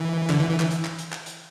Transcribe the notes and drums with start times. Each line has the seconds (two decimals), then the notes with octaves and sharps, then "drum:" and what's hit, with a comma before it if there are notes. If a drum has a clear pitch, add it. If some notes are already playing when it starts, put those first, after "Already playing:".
Already playing: E3
0.29 D3, drum: clap
0.39 E3
0.49 E3
0.60 E3, drum: clap
0.71 drum: hi-hat
0.85 drum: clap
0.98 drum: hi-hat
1.12 drum: clap
1.26 drum: hi-hat